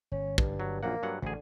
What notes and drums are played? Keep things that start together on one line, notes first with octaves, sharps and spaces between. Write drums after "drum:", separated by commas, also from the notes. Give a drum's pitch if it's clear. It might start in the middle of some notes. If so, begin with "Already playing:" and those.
G1 C#4
G2, drum: kick
F#3
A#1 F#2 A#3 F#5
G2 F#3 F#5
A1 D2 D3 G#4